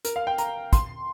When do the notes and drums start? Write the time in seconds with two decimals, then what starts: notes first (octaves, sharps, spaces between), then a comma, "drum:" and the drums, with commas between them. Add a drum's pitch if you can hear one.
0.05 A#4, drum: hi-hat
0.16 F5
0.27 G5
0.38 A#5, drum: hi-hat
0.73 C6, drum: kick, hi-hat